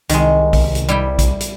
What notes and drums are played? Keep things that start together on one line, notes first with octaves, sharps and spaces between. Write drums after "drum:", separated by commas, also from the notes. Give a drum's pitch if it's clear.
C2 D#3 G#3, drum: hi-hat
drum: kick A#1, open hi-hat
drum: hi-hat
G3 E4 G5
drum: kick A#1, hi-hat
drum: hi-hat